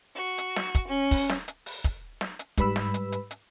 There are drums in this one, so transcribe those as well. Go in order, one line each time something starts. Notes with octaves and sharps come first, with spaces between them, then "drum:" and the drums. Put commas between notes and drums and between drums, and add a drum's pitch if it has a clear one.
F#4
drum: hi-hat
drum: snare
drum: kick, hi-hat
C#4
drum: kick, open hi-hat
drum: snare
drum: hi-hat
drum: open hi-hat
drum: kick, hi-hat
drum: snare
drum: hi-hat
G#2 G3 B4 B5 E6, drum: kick, hi-hat
drum: snare
drum: hi-hat
drum: hi-hat
drum: hi-hat